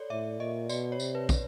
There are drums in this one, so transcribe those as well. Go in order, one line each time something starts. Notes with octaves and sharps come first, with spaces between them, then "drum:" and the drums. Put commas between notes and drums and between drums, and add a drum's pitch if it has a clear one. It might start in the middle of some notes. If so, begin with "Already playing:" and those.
Already playing: A4 C#5 D5
A2 E5
A#2 D#5
B2 D5, drum: tambourine
C#5
C3, drum: tambourine
B4
drum: kick, tambourine